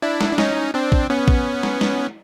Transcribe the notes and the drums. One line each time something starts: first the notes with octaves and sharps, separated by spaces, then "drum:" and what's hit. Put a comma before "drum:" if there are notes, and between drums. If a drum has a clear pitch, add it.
D4 E4
drum: snare
D4
C#4 D#4, drum: snare
C4 D4
drum: kick
B3 C#4
drum: kick
drum: snare
drum: snare